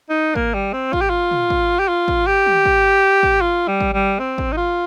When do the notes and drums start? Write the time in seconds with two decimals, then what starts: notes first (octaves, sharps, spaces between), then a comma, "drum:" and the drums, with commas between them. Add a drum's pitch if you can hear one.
0.10 D#4
0.36 A#3, drum: kick
0.54 G3
0.73 C4
0.93 F4, drum: kick
1.01 G4
1.10 F4
1.31 drum: tom
1.50 drum: kick
1.79 G4
1.88 F4
2.08 drum: kick
2.27 G4
2.46 drum: tom
2.65 drum: kick
3.23 drum: kick
3.42 F4
3.68 G3
3.81 drum: kick
3.94 G3
4.19 C4
4.38 drum: kick
4.53 D#4
4.57 F4